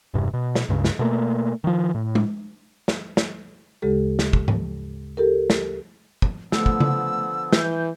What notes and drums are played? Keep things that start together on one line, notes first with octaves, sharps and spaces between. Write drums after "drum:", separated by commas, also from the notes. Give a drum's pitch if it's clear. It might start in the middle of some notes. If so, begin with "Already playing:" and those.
E1 G2 C3
B2
drum: snare
C#2 G2 C#3
drum: snare
B2 A3 A#3
D#3 F3
A2
drum: tom G#3
drum: snare
drum: snare
D2 C#3 G#3 G4 A4
drum: snare
drum: kick
drum: tom G#2
G4 A4 A#4
drum: snare
drum: kick
D3 F3 A3 B3 E6, drum: snare
drum: kick
drum: tom C#3
E3 G6, drum: snare